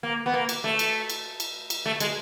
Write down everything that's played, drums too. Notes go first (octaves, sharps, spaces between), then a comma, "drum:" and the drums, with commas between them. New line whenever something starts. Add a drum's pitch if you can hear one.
A#3
B3
A#3
drum: cymbal
A3
drum: cymbal
drum: cymbal
drum: cymbal
drum: cymbal
A3
G#3, drum: cymbal